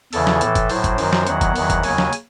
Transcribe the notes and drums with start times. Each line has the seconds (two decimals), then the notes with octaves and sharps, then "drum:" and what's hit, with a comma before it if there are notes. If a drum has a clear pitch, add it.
0.13 E2 C#3 E3 A4, drum: open hi-hat
0.27 drum: snare
0.41 A2 E3, drum: hi-hat
0.55 drum: kick, hi-hat
0.70 A2 F#3 C5, drum: open hi-hat
0.84 drum: kick, hi-hat
0.98 F#2 D#3 F#3, drum: open hi-hat
1.13 drum: snare
1.27 E2 D#3 F#3 F#5, drum: hi-hat
1.41 drum: kick, hi-hat
1.56 E2 D#3 F#3, drum: open hi-hat
1.70 drum: kick, hi-hat
1.83 D#2 C#3 F#3 G#5, drum: open hi-hat
1.98 drum: snare
2.13 drum: hi-hat